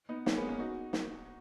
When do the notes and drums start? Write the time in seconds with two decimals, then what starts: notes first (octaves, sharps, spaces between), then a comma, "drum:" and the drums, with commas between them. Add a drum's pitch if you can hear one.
0.09 B3 D#4
0.26 A#3 C#4, drum: snare
0.37 G#3 B3
0.48 A#3 C#4
0.59 D#4 F#4
0.93 drum: snare